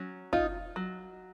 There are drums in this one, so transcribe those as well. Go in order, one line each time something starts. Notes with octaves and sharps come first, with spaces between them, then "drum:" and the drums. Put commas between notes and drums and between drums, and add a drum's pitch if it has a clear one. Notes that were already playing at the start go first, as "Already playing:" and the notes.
Already playing: F#3 C#4
D#4 F4, drum: kick
F#3